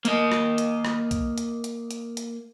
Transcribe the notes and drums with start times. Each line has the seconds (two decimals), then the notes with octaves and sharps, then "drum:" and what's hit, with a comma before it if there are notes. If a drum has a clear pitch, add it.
0.05 A#3 D#5, drum: hi-hat
0.32 drum: rim click
0.58 drum: hi-hat
0.85 drum: rim click
1.11 drum: kick B1, hi-hat
1.38 drum: hi-hat
1.64 drum: hi-hat
1.91 drum: hi-hat
2.17 drum: hi-hat